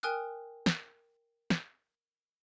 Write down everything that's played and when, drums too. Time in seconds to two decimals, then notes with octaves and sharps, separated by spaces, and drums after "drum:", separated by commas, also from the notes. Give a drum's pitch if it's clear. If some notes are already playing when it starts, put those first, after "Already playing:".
0.03 A#4 G5 G#5 D#6 F6 F#6
0.66 drum: snare
1.50 drum: snare